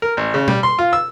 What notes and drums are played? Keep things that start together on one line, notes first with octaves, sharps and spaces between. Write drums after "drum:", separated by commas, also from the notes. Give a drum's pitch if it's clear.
A#4
A1
C#3
G3, drum: tom B2
C6
F4
E6